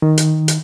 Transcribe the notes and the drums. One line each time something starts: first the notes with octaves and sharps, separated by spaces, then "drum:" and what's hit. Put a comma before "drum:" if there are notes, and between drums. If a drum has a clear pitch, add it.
D#3
drum: hi-hat
drum: hi-hat